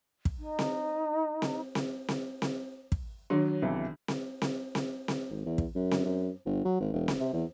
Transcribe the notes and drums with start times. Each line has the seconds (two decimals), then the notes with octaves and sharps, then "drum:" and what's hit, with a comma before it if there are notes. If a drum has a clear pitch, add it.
0.25 drum: kick
0.39 D#4
0.59 drum: snare C4
1.42 drum: snare C4
1.75 drum: snare C4
2.08 drum: snare C4
2.42 drum: snare C4
2.92 drum: kick
3.30 D#3 F#3 D4
3.62 B1 C3 E3
4.08 drum: snare C4
4.42 drum: snare C4
4.75 drum: snare C4
5.08 drum: snare C4
5.30 G#1
5.46 E2
5.58 drum: kick
5.75 F#2
5.91 drum: snare C4
6.05 F#2
6.45 G1
6.65 F#3
6.80 G#1
6.93 E1
7.08 drum: snare C4
7.19 C3
7.33 E2